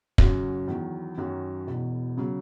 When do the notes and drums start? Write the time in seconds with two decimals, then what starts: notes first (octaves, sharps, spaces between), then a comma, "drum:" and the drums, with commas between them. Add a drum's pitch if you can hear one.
0.18 F#2 C#3 F#3 C#4 F#4, drum: kick
0.68 E2 D#3 F#3
1.18 F#2 D#3 F#3 C#4 F#4
1.67 E1 E2 B2
2.17 C#3 F#3